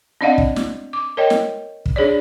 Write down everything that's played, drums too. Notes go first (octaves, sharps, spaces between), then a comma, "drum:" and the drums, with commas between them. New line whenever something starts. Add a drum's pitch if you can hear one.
C4 D4 D5 D#5 F5 F#5
drum: kick
drum: snare
D6
A#4 C#5 D#5 G5
drum: snare
drum: kick
D4 G#4 C#5 D5